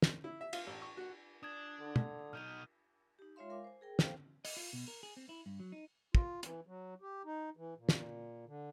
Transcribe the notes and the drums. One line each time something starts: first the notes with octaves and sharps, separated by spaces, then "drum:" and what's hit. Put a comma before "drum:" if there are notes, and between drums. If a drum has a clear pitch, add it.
drum: snare
E4
E5
F4, drum: cymbal
A1
C#6
F#4
D4 D#6 G#6
D3
drum: tom
B2 D#4 F6 G6 D#7
D#4 G4
G#3 F4 C#5 E5 F5 C6
A#4 F5 G#5 D6
C5 G#5
G#4 A#4 G5
A4 C5 F5 G5, drum: snare
D#5, drum: open hi-hat
F4
B2
A#4
G#4
C4
E4
G2
F#3
D#4
F4, drum: kick
E3, drum: hi-hat
F#3
G4
D#4
E3
A#2
drum: snare
D3